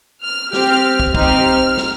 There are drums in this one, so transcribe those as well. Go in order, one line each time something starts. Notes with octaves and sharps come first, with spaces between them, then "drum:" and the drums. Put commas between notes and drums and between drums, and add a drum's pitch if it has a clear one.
F6
C4 G4 F6, drum: snare
drum: kick
C4 D#4 G4 F6, drum: kick
drum: snare